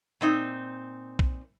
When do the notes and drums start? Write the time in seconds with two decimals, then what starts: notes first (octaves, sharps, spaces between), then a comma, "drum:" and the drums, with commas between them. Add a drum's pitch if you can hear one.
0.21 A#2 C4 D#4
1.19 drum: kick